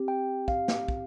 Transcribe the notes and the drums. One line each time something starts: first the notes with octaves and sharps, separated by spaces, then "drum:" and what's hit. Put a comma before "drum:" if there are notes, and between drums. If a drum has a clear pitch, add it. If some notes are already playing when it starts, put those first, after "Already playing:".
Already playing: C4 G4
G5
F5, drum: kick
drum: snare
drum: kick